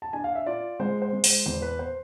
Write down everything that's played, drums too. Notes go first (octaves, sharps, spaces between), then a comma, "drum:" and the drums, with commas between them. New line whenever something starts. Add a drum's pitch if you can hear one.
A5
D4 G#5
F5
E5
F4 D5
G#3 C5
C5
G#3
C5, drum: open hi-hat
E2 C5
B4
C5